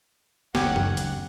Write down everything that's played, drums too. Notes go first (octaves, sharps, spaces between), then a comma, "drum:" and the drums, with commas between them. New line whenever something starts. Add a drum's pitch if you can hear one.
F#1 D2 D#3 C#4 G4 C#5 F#5, drum: snare
drum: tom F#2
drum: hi-hat